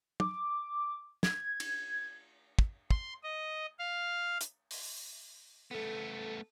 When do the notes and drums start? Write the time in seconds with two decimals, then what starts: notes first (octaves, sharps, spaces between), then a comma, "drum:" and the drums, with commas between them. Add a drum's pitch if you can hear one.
0.20 D6, drum: tom
1.23 G#6, drum: snare
1.60 drum: cymbal
2.59 drum: kick
2.91 C6, drum: kick
3.23 D#5
3.79 F5
4.41 drum: hi-hat
4.71 drum: open hi-hat
5.71 A3 B3 A4